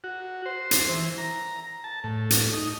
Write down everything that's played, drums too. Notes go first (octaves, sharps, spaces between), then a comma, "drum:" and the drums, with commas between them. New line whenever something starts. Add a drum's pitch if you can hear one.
F#4
C5
drum: hi-hat
E3
A#5
A5
A2
drum: hi-hat
D#4